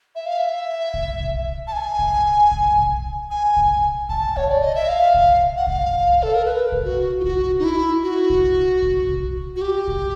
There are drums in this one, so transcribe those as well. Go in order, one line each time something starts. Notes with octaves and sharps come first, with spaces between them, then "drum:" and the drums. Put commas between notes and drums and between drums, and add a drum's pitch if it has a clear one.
E5
F5
E5
drum: kick
drum: kick
A5
G#5
drum: kick
drum: kick
drum: kick
G#5
drum: kick
A5, drum: kick
C#5, drum: kick
D5
D#5
E5
F5
drum: kick
F#5
F5, drum: kick
drum: kick
A4
A#4
B4
drum: kick
F#4
F4
F#4, drum: kick
D#4
E4
F#4
drum: kick
drum: kick
drum: kick
F#4
G4
drum: kick